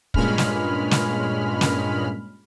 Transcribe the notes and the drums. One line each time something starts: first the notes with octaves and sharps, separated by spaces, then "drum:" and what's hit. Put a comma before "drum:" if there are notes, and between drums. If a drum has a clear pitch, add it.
G2 A#2 G#3 C#4 B5 F6, drum: kick
drum: snare
drum: snare
drum: snare